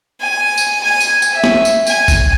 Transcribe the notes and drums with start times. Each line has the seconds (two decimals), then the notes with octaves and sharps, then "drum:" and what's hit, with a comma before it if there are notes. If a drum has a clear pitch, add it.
0.20 G#5
0.58 drum: tambourine
0.83 G#5
1.01 drum: tambourine
1.22 drum: tambourine
1.34 E5
1.44 drum: snare
1.65 drum: tambourine
1.87 G#5, drum: tambourine
2.08 drum: kick A1, tambourine